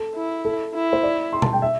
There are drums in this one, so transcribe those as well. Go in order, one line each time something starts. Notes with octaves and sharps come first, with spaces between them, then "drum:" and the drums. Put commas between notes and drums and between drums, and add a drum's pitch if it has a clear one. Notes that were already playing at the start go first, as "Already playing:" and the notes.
Already playing: A4
E4
A4
E4
C5
D5
C6
A5, drum: tom B2
G5
E5